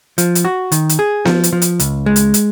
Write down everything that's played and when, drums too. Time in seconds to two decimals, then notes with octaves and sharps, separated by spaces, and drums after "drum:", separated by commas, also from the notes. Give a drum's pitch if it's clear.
0.18 F3, drum: hi-hat
0.35 drum: hi-hat
0.45 F#4
0.72 D#3, drum: hi-hat
0.89 drum: hi-hat
0.99 G#4
1.25 F3, drum: snare B3
1.44 drum: hi-hat
1.53 F3
1.62 drum: hi-hat
1.80 C#2, drum: hi-hat
2.06 G#3
2.16 drum: hi-hat
2.34 drum: hi-hat